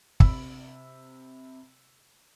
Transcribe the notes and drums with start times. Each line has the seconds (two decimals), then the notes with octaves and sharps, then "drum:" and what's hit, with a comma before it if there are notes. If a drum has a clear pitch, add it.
0.20 C3 B5 E6, drum: kick